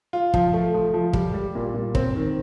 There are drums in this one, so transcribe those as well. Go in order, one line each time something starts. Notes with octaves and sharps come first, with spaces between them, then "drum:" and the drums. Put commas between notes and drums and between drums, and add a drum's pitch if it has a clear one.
F4
F3, drum: kick
A3
F3
F3
G3, drum: kick
G3
A#2
A#2
C4, drum: kick
D#3